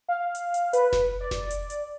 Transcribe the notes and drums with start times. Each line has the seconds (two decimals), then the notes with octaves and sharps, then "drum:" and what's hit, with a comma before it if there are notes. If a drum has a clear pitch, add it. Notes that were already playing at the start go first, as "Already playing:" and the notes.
0.08 F5
0.35 drum: hi-hat
0.54 drum: hi-hat
0.73 B4, drum: hi-hat
0.93 drum: snare F1
1.21 D5
1.31 drum: snare F1
1.51 drum: hi-hat
1.70 drum: hi-hat